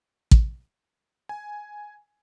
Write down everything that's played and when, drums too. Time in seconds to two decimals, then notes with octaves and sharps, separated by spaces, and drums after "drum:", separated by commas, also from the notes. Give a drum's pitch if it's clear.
0.31 drum: kick
1.29 G#5